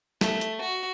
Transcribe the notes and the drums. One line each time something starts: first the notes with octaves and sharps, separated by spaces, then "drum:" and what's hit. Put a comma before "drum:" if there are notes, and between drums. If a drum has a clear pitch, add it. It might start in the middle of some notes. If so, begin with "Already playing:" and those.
A3, drum: snare
drum: hi-hat
F#4